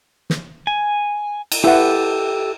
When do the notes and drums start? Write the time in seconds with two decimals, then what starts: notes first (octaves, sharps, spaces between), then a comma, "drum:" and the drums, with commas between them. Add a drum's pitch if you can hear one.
0.30 drum: snare
0.67 G#5
1.52 drum: cymbal
1.64 E4 G4 A4 B4 F#5